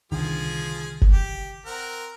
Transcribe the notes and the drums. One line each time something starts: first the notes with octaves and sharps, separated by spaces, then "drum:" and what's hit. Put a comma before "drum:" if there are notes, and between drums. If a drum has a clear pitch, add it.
C2 D3 D#3 F3 G#4
drum: kick F#1
G4
C4 A#4 F#5